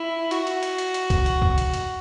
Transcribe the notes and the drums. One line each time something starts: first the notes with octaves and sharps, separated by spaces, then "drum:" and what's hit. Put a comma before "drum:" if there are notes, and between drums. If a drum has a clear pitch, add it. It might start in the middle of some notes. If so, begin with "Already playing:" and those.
Already playing: E4
F#4, drum: hi-hat
drum: hi-hat
drum: hi-hat
drum: hi-hat
drum: hi-hat
drum: kick, hi-hat
drum: hi-hat
drum: kick
drum: hi-hat
drum: hi-hat